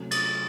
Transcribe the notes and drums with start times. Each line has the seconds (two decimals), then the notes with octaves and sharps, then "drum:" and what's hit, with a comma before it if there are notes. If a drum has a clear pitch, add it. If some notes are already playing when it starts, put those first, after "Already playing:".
Already playing: C3 F#3 A3 C#4
0.11 A6, drum: cymbal